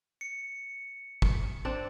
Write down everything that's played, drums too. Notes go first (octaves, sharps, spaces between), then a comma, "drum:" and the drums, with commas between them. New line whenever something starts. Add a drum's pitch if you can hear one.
C#7
drum: kick
C4 D4